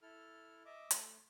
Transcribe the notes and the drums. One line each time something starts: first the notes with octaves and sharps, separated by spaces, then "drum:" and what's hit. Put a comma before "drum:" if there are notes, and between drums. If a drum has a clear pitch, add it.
E4 A4 F6
D#5 E5 D6
A3, drum: hi-hat